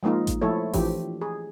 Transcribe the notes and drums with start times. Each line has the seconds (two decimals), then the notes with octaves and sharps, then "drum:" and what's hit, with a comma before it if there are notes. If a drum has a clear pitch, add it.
0.03 F3 G#3 A#3 D#4 F4
0.27 drum: kick A1, hi-hat
0.41 F3 A3 E4 A4 C#5
0.73 E3 F3 D4 G4, drum: kick A1, open hi-hat
1.21 G#4